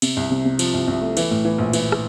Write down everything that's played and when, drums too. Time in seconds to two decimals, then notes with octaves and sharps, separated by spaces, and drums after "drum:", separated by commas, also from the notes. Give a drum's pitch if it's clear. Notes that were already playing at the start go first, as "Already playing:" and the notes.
0.02 C3, drum: cymbal
0.17 C2
0.31 C3
0.45 C3
0.59 F3, drum: cymbal
0.74 C2
0.88 C2
1.02 A3
1.17 E3, drum: cymbal
1.31 A2
1.45 E3
1.58 A#1
1.73 E3, drum: cymbal
1.92 drum: rim click